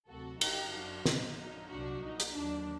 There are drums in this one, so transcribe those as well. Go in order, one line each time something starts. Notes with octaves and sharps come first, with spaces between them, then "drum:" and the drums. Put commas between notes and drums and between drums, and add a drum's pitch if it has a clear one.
D2 C3 F#3 F#4 A4
G1 G2 D3 D#4 G4, drum: cymbal
F#2 F#3 D4 F#4
A#1 A#2 F#3 D#4, drum: snare
F#2 D3 F#3 D#4
C2 A#2 F#3 D4 F#4
A#1 A#2 F#3 D#4
drum: hi-hat
D#2 D3 F#3 D4